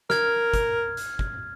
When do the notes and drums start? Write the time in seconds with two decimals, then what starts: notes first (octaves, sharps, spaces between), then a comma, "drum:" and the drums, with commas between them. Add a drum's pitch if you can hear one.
0.10 A#4 F6 G#6, drum: snare
0.54 drum: kick, hi-hat
0.97 drum: hi-hat
1.19 drum: kick